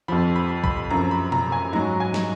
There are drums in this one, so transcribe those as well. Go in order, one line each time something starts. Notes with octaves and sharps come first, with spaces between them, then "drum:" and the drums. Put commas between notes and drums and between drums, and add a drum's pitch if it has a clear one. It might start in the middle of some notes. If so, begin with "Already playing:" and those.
F2 F3 B5
B5
B5, drum: kick B1
F#2 F3 A#5
B5
A#5, drum: tom B2
G#5
G#2 F#3 A#5
G#5
drum: snare